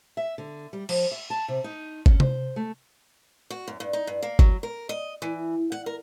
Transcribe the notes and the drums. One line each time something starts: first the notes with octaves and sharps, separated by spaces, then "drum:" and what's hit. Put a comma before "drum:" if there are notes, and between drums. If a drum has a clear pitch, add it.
E5
D3
G3
F3, drum: cymbal
E5
A5
C3
D#4
C#4, drum: kick G1
C5, drum: tom C3
A3
F#4
F#2
G2
D#4
G2
A#3
F#3, drum: kick G1
A#4
D#5
E3
F#5
A#4